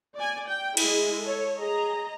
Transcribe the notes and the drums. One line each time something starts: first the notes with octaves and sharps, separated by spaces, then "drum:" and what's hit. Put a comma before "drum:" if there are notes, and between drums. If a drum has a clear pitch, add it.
D5 G#5
G5
G#3 E4 G#4, drum: cymbal
A4 C#5
G#4 D#5 A#5